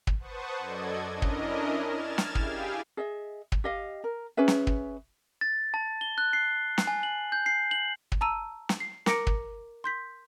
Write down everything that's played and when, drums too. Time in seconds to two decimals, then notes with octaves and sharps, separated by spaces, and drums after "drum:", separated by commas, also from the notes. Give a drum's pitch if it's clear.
0.07 drum: kick
0.20 B4 C5 F#5 A5 C#6 D#6
0.58 F#2 A4 D5 D#5 G#6
1.12 C#4 D4 E4 A#4 D#5
1.22 drum: kick
1.84 F6 G#6 A6 E7
2.18 drum: snare
2.35 E4 G4 G#4 F5 G5 G#5, drum: kick
2.97 G#4 D#5 E5
3.52 drum: kick
3.64 G4 D#5 F5
4.04 A#4
4.37 C#4 G#4 B4 E5
4.48 drum: snare
4.67 drum: kick
5.41 A6
5.74 A5
6.01 G7
6.18 F#6
6.33 C7
6.78 drum: snare
6.87 G#5
7.03 F#7
7.32 G6
7.46 C7
7.71 F#7
8.12 drum: kick
8.21 A5 A#5 E6 D#7
8.69 drum: snare
8.80 C7
9.06 A#4 A#5 D6 A#6 C#7 D7, drum: snare
9.27 drum: kick
9.84 C6 G6 B6